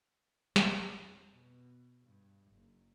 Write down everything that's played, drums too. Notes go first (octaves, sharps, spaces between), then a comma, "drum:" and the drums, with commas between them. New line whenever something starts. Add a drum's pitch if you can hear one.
G1, drum: snare
F2
B2
G2
F#1